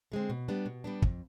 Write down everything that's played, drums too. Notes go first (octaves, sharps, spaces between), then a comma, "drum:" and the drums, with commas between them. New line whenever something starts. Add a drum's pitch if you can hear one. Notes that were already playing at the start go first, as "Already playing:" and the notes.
D3 G#3 C4
B2
G3 B3 D4
B2
G3 B3 D4
F2, drum: kick